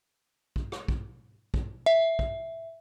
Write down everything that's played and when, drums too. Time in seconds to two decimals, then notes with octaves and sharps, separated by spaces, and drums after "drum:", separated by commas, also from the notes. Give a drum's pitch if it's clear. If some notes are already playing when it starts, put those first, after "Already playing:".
0.56 drum: kick
0.72 drum: rim click
0.88 drum: kick
1.54 drum: kick
1.86 E5
2.19 drum: kick